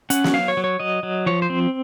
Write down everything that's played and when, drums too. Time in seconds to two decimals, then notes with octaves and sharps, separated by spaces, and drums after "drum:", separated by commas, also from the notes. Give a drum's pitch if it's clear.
0.10 C#4 F#5, drum: hi-hat
0.24 drum: snare
0.34 F#3 F5
0.48 C#5
0.57 F#3
0.64 C#5
0.80 F#3 D#5
1.03 F#3
1.26 F3 C#5
1.42 C5
1.50 C4